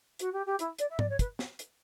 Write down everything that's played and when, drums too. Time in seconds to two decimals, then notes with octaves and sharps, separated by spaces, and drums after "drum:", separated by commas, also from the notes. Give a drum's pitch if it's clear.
0.19 F#4, drum: hi-hat
0.32 G4
0.46 G4
0.59 E4, drum: hi-hat
0.79 D5, drum: hi-hat
0.90 E5
0.99 D5, drum: tom G#2
1.09 C#5
1.19 B4, drum: kick, hi-hat
1.39 drum: snare
1.59 drum: hi-hat